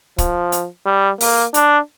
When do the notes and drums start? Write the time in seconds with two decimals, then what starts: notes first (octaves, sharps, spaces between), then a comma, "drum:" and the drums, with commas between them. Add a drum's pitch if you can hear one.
0.18 F3, drum: kick, hi-hat
0.52 drum: hi-hat
0.86 G3
1.21 A#3, drum: open hi-hat
1.54 D4, drum: hi-hat